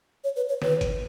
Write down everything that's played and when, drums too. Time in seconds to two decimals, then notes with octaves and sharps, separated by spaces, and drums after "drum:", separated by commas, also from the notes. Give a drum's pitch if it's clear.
0.24 C#5
0.36 B4
0.49 C#5
0.62 B4, drum: snare
0.81 drum: kick F#1, hi-hat